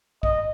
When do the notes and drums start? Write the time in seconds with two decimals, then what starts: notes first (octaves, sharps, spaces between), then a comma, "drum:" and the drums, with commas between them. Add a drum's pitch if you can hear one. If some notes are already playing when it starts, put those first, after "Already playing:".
0.23 D#5, drum: kick